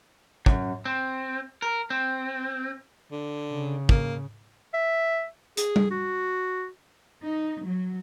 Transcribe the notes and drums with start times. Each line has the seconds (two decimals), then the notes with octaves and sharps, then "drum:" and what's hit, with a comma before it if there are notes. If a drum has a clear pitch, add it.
0.46 F#2, drum: kick
0.85 C4
1.62 A#4
1.90 C4
3.12 D3
3.52 C#3
3.89 A#3, drum: kick
4.74 E5
5.57 G#4, drum: hi-hat
5.76 drum: tom G3
5.91 F#4
7.21 D#4
7.64 F#3